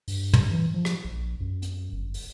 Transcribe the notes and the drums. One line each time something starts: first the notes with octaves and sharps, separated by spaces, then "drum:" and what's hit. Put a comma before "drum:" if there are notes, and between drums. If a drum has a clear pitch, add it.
G2, drum: open hi-hat
drum: tom
E3
F3
drum: rim click
A#1
F#2
drum: hi-hat
G1
drum: open hi-hat